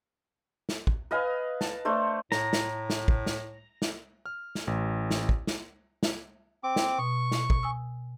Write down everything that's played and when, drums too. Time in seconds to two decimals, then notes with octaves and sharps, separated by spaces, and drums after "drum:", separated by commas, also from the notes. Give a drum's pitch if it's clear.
0.69 drum: snare
0.87 drum: kick
1.11 B4 D#5 F5 G#5
1.61 A5, drum: snare
1.85 A3 D4 C5
2.32 A2 A#5, drum: snare
2.53 drum: snare
2.90 drum: snare
3.08 drum: kick
3.26 drum: snare
3.82 drum: snare
4.26 F6
4.55 drum: snare
4.67 A1
5.11 drum: snare
5.29 drum: kick
5.47 drum: snare
6.03 drum: snare
6.64 C4 D6
6.76 drum: snare
6.99 B2 C#6
7.32 drum: snare
7.50 drum: kick
7.63 G#5 D#6 E6